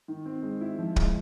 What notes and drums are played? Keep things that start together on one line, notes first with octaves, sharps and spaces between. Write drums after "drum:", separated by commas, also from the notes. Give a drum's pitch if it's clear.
D#3
C4
G#3
E4
F3
G#3, drum: kick